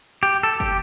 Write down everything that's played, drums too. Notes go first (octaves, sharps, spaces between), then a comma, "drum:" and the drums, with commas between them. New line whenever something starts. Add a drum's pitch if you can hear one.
G4
A4
G4, drum: kick